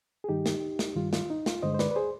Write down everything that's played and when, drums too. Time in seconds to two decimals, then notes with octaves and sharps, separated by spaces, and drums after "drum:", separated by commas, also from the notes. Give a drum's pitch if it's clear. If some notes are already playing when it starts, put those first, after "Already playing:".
0.24 G#4
0.29 G2 D#3 G3 D#4 G4
0.46 drum: snare
0.79 drum: snare
0.95 G2 D#3 G3 F4
1.13 F4, drum: snare
1.30 D#4
1.46 F4, drum: snare
1.62 G2 D3 G#3 C5 D#5
1.74 C5
1.79 B4 D5, drum: snare
1.91 B4
1.96 G#4 C5